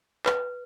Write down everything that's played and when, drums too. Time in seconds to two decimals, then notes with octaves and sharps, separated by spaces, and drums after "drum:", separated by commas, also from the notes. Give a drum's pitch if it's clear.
0.26 B4, drum: clap